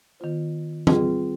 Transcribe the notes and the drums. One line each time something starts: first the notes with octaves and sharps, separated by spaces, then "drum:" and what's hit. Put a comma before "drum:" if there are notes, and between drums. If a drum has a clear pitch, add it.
D#3 B3 F4 C5
G3 C4 F4 G#4 B4, drum: tom